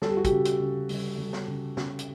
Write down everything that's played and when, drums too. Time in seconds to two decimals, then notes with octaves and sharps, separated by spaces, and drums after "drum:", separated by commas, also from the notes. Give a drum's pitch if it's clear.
0.02 G3 A4, drum: snare
0.09 G4
0.17 F#4
0.25 G4, drum: kick, hi-hat
0.31 C#3
0.45 drum: hi-hat
0.60 C#3
0.89 G3, drum: open hi-hat
1.18 G3
1.33 drum: snare
1.48 C#3
1.77 C#3, drum: snare
1.99 drum: hi-hat